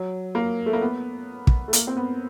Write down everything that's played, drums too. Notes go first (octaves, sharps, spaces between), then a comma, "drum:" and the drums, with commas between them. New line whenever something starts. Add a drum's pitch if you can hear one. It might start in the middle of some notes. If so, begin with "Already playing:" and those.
Already playing: F#3
A#3
A3
A#3
B3
drum: kick
A3
A#3, drum: hi-hat
C4
B3